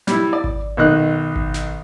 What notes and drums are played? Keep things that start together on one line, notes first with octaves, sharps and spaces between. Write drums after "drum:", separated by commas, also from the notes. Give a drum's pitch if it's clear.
G3 E4, drum: snare
D5
drum: kick G#1
B1 D#3 D#4 F#6
drum: kick G#1
drum: snare